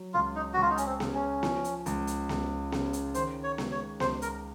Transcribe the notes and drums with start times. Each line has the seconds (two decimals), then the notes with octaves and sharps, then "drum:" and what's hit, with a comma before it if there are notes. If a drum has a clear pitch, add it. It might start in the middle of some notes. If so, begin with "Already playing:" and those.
Already playing: F#3
0.14 C#2 F4
0.35 D#4
0.54 F#4
0.57 C#2 F4
0.70 D#4
0.78 C#4, drum: hi-hat
0.86 C4
1.00 C#3, drum: snare B3
1.14 C#4
1.43 F3, drum: snare B3
1.64 drum: hi-hat
1.86 C#2, drum: hi-hat
2.07 drum: hi-hat
2.29 C#2, drum: snare B3
2.72 C#3, drum: snare B3
2.93 drum: hi-hat
3.14 D#3 C5, drum: hi-hat
3.43 C#5
3.58 G#3, drum: snare B3
3.72 C#5
4.00 C#2 C5, drum: snare B3
4.22 A#4, drum: hi-hat